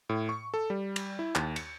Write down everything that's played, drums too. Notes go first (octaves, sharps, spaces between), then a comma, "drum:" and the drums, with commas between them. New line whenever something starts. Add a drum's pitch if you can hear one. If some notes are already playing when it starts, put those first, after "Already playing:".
A2
C#6
A4
G3
drum: cymbal
E4
D#2, drum: clap
C#7, drum: cymbal